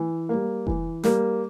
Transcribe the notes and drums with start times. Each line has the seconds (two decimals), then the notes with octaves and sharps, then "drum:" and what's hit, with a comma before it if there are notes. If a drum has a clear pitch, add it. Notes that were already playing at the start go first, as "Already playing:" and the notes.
Already playing: E3
0.29 G3 A#3
0.67 E3, drum: kick F1
1.04 G3 A#3, drum: snare